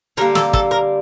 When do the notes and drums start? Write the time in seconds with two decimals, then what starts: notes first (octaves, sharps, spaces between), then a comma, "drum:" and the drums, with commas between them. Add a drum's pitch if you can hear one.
0.17 D3 G3 A#3 A#4
0.35 A4, drum: snare
0.53 A4, drum: kick
0.71 A#4